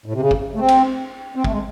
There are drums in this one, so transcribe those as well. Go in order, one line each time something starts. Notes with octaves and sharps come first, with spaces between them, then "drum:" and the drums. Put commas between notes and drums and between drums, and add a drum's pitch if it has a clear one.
A2
C3
C#3
drum: kick
A3
C4
drum: cymbal
C4
A3, drum: kick
G#3